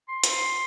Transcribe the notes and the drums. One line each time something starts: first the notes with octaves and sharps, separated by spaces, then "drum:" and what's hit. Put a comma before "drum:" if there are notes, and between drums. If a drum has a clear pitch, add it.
C6
drum: hi-hat